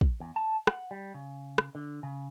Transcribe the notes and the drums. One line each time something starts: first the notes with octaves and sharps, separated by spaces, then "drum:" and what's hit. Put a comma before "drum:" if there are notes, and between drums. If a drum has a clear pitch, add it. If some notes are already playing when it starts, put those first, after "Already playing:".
drum: kick
E2
A5
F#5, drum: rim click
G3
C#3
drum: rim click
D3
C#3